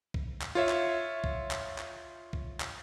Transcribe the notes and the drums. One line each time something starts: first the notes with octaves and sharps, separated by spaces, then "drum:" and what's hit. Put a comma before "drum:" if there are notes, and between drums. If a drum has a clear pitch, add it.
drum: kick B1
drum: clap
F4 C#5 E5
drum: clap
drum: kick B1
drum: clap
drum: clap
drum: kick B1
drum: clap